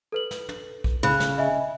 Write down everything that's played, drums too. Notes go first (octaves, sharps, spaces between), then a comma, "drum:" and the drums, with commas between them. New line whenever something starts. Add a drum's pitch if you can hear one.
A4 B4 F#7
drum: snare
drum: tom
drum: kick A#1
C#3 B5 F#6
drum: snare
D#5 E5 G#5